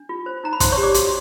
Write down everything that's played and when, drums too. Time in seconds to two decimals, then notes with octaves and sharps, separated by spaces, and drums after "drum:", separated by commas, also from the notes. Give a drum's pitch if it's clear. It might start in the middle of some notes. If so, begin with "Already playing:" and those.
Already playing: D4
0.09 F4
0.26 C5
0.44 D#4 A#5
0.53 B5
0.60 D#4 C5 C6, drum: kick, hi-hat
0.72 C#5 C#6
0.77 G4
0.83 D5 D6
0.94 F#4, drum: hi-hat